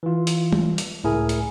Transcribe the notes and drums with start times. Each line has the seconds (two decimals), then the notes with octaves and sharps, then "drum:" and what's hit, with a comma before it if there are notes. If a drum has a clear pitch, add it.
0.03 E3 F4
0.27 drum: hi-hat
0.53 drum: tom
0.78 drum: hi-hat
1.04 C#2 A2 E4 G#4 A#4 G#5
1.29 drum: hi-hat